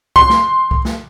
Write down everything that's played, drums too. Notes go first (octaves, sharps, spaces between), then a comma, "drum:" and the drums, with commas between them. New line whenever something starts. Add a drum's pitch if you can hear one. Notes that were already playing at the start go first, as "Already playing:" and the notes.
C6, drum: kick C2
drum: snare
drum: kick C2
drum: snare